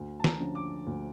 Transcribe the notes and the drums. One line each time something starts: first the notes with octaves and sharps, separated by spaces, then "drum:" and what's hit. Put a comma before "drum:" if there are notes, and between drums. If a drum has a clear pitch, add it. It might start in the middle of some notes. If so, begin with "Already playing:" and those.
Already playing: D2
A5
A#5, drum: snare
D3 F3 C#4
D6
D2